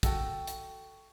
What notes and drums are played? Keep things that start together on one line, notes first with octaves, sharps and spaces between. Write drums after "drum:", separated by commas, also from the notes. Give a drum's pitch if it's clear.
F#4 A4 G5, drum: kick, hi-hat
drum: hi-hat